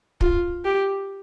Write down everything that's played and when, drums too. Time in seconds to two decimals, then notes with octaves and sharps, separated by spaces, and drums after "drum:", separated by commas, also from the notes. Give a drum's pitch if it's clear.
0.21 F4, drum: kick
0.65 G4